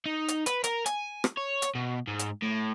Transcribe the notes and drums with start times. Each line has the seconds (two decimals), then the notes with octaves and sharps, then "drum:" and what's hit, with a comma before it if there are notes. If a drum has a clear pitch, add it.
0.06 D#4
0.28 drum: hi-hat
0.46 B4, drum: hi-hat
0.64 A#4, drum: hi-hat
0.86 G#5, drum: hi-hat
1.24 drum: rim click
1.37 C#5
1.62 drum: hi-hat
1.75 B2
2.07 G#2
2.19 drum: hi-hat
2.42 A2